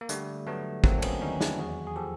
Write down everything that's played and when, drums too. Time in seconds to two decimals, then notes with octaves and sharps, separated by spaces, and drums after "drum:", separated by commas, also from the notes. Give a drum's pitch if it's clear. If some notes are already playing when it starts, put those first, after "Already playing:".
0.01 A#3
0.09 D3 G3 A3, drum: hi-hat
0.47 F#3 A3 B3
0.84 F#3 A#3 C4, drum: kick
0.98 D4
1.02 B3 C#4, drum: cymbal
1.22 D#2 C#4 D#4
1.41 D4 E4, drum: snare
1.58 E2 F#4 G#4
1.87 G#4
1.96 F3 G4 A4